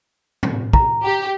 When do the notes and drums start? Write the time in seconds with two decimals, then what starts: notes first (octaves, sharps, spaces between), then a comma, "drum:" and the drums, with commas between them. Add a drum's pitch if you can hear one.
0.43 drum: tom
0.73 A#5, drum: kick
1.03 G4